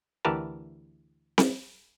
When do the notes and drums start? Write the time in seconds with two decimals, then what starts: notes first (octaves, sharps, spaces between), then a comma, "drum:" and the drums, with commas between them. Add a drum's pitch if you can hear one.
0.25 D2 E3 G4 A#4 B4 A5
1.38 drum: snare C4